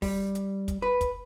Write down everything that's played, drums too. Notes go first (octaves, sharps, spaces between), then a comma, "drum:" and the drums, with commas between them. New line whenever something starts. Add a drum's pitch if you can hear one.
G3, drum: kick, open hi-hat
drum: hi-hat
drum: kick, hi-hat
B4
drum: kick, hi-hat